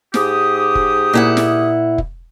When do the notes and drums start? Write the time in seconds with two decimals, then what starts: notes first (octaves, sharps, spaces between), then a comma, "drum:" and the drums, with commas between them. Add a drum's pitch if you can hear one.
0.14 G#2 G4 D#6, drum: snare
0.75 drum: kick
1.13 A#2 E4 F#5
1.37 drum: snare
1.98 drum: kick